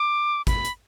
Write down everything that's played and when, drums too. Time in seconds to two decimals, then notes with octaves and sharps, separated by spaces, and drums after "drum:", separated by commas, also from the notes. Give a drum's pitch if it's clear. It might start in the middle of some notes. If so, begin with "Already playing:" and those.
Already playing: D6
0.47 B5, drum: kick, hi-hat
0.65 drum: hi-hat